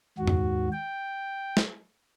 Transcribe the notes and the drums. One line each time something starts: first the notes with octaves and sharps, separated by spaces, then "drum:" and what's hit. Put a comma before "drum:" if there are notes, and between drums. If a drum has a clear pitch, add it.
D#2 G#2 F#4
drum: tom F2
G5
drum: snare